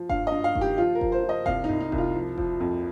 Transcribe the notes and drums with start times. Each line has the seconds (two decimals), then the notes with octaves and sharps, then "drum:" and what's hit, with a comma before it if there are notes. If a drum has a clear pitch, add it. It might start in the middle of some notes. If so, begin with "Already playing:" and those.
Already playing: F3
0.09 G2 F5, drum: kick F1
0.27 G2 D#5
0.44 F5
0.55 D#3, drum: kick F1
0.61 G4
0.78 F3 F4
0.95 A#4
1.01 F3, drum: kick F1
1.12 C5
1.24 F3
1.29 D#5
1.46 C2 F5, drum: kick F1
1.64 D#4
1.69 C2
1.80 D#4
1.92 C2, drum: kick F1
1.98 F4
2.15 F3
2.38 F3, drum: kick F1
2.60 F2